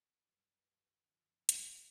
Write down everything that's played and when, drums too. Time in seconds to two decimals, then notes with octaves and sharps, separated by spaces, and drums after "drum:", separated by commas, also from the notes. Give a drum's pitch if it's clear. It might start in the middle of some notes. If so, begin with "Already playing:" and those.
0.19 F#2 D#3 G3 B4
0.83 F#2 D3 F3
1.49 A2 E3 G3 A#4, drum: hi-hat